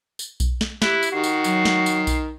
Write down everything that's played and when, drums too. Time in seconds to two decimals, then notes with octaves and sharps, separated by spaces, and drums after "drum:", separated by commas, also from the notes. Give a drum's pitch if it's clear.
0.19 drum: tambourine
0.40 drum: kick B1, tambourine
0.61 drum: snare
0.82 E4 G4 F#6, drum: snare
1.03 drum: tambourine
1.12 D#3 F#4 C7
1.24 drum: tambourine
1.44 F#3, drum: tambourine
1.65 drum: snare
1.86 drum: tambourine
2.07 drum: kick B1, tambourine